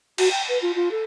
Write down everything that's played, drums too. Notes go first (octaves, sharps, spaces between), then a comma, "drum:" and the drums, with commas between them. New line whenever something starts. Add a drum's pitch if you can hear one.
F#4, drum: cymbal
G5
B4
F4
F4
A4